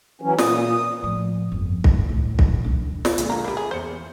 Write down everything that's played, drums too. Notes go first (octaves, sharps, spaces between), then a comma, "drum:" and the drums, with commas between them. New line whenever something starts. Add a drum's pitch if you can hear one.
E3 F#3 C#4
A#2 D#6, drum: snare
A2 F3
G1 F2
D1 G1, drum: kick
C#2 A2
A#1, drum: kick
C2 D4
drum: snare
A#2 D3 G#3, drum: hi-hat
A#3 A#5
G3 A#3 B5
G#4
E2 C5 C#7